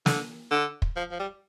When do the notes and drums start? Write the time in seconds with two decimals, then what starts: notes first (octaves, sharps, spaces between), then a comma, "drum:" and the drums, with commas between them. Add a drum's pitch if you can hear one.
0.06 D3, drum: snare
0.51 D3
0.82 drum: kick
0.96 F3
1.11 F3
1.20 G3